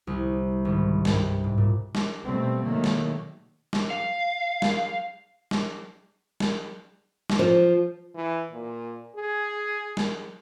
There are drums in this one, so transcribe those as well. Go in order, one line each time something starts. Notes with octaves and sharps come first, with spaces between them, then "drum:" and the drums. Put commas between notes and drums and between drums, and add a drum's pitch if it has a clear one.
C2
G#1
G2, drum: snare
G#2
A#2
drum: snare
B2 G3 A3 C4
B2 D#3 F#3 A3 A#3
drum: snare
drum: snare
F5
drum: snare
drum: snare
drum: snare
drum: snare
F3
E3
A#2
G#4
drum: snare